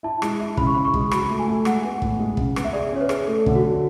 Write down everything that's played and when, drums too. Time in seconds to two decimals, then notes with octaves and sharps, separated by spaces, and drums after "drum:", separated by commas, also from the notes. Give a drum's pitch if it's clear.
0.03 E4 A5
0.22 G#3, drum: rim click
0.40 E4
0.57 C#3 B5, drum: kick
0.67 C#6
0.75 C#3 B5
0.85 C#6
0.94 G#3, drum: kick
1.11 F#3 B5, drum: rim click
1.30 A3
1.39 G#5
1.48 A3
1.65 G#3 F#5, drum: rim click
1.84 B3
2.02 A2, drum: kick
2.19 G#3
2.37 C#3, drum: kick
2.56 B3, drum: rim click
2.65 E5
2.73 G#4 D5
2.92 C#4 C#5
3.01 B4
3.09 G#4, drum: rim click
3.27 A3 A4
3.46 D3, drum: kick
3.55 F#4
3.64 F#3